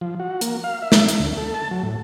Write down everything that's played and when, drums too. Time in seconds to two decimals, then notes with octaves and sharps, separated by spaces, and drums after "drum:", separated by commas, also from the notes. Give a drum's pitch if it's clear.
0.01 F3
0.20 F#4
0.41 A#3, drum: hi-hat
0.64 F5
0.82 E5
0.92 drum: snare
1.09 drum: hi-hat
1.20 D2
1.37 A4
1.54 A5
1.71 F#3
1.83 A2